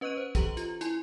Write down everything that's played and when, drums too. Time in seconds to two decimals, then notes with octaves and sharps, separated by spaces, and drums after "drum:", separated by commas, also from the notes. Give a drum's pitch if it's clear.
0.01 C#4 B4 D#5 C#6 F#6 D#7
0.17 C5
0.35 E3 G4 A#5 F#7, drum: kick, hi-hat
0.57 F4, drum: hi-hat
0.81 E4 G#5 C6, drum: hi-hat